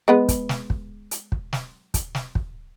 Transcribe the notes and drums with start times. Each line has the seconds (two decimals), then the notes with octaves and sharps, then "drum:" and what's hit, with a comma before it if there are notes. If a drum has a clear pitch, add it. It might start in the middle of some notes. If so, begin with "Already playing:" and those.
0.08 G#3 B3 B4
0.29 drum: kick, hi-hat
0.49 drum: snare
0.70 drum: kick
1.11 drum: hi-hat
1.32 drum: kick
1.53 drum: snare
1.94 drum: kick, hi-hat
2.15 drum: snare
2.35 drum: kick